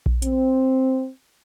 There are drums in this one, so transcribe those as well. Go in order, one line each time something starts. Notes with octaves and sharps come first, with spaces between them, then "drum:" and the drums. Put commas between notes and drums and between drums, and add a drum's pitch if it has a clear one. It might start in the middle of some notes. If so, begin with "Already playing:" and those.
drum: kick A#1
C4, drum: hi-hat